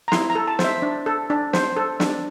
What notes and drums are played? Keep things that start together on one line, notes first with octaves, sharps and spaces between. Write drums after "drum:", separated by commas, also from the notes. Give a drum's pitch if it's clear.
A#5
E4 C6, drum: snare
A#5
A4
A5
C5, drum: snare
E5
D4
A4
D4
C5, drum: snare
A4
D4, drum: snare